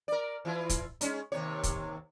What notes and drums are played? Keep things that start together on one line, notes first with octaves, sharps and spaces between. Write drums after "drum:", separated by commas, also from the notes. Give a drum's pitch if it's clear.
A#4 D5
E3 E4 F4
drum: kick, hi-hat
G#3 C#4 D#4, drum: hi-hat
D#2 C3 C#5
drum: kick, hi-hat